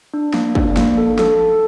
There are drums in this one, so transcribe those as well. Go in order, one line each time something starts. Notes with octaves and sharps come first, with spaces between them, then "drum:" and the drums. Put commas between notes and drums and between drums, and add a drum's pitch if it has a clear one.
D4
A#3, drum: snare
D4, drum: kick
A#3, drum: snare
A4
A4, drum: snare
A4